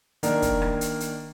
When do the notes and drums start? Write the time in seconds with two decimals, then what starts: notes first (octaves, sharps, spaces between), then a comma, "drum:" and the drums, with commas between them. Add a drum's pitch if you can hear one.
0.23 D#3 A#3 D4 A#4, drum: hi-hat
0.42 drum: kick, hi-hat
0.62 drum: rim click
0.81 drum: hi-hat
1.00 drum: hi-hat